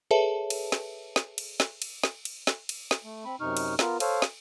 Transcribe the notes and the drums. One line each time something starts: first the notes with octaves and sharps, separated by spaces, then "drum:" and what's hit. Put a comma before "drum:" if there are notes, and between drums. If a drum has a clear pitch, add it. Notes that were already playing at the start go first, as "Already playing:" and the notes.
G#4 A4 B4 C#5 E5 A5
drum: cymbal
drum: snare
drum: snare
drum: cymbal
drum: snare
drum: cymbal
drum: snare
drum: cymbal
drum: snare
drum: cymbal
drum: snare
A3
C4 B5
F#2 C3 D#4 C#6 F6
drum: cymbal
B3 F4 A#4, drum: snare
A4 C5 C#5 F5, drum: cymbal
drum: snare